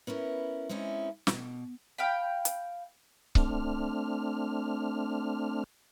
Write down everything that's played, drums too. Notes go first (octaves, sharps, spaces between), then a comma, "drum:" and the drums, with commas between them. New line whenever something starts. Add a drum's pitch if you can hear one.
B3 C#4 E4 A#4
G#3 C4 C#4 D#4 E4
B2, drum: snare
F5 G5 B5
drum: hi-hat
A3 C4 D4 F6, drum: kick C#1